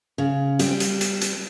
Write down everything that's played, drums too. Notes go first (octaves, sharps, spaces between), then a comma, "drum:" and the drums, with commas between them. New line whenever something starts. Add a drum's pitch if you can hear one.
C#3
G3 C4, drum: hi-hat
drum: hi-hat
drum: hi-hat
drum: hi-hat